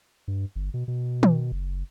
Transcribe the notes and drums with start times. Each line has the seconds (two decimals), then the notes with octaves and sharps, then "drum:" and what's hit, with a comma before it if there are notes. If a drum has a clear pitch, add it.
0.28 G2
0.56 G1
0.74 B2
0.88 B2
1.23 drum: tom D#3
1.52 F#1